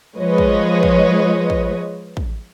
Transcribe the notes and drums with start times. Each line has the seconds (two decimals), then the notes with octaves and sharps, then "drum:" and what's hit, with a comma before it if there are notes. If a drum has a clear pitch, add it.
0.16 F3 G#3 B4 C#5 D#5
0.38 drum: kick
0.83 drum: kick
1.50 drum: kick
2.17 drum: kick